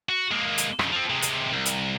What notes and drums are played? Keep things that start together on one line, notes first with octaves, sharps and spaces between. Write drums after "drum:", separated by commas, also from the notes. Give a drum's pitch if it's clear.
F#4
G#3 A#3
drum: hi-hat
F2 C#3, drum: rim click
F3 C4
C3 G#3
drum: hi-hat
C2
drum: hi-hat